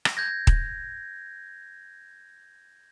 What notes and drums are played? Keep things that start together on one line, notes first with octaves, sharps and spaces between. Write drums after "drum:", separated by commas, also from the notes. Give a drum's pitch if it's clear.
drum: rim click
G6 G#6 A#6
drum: kick D#1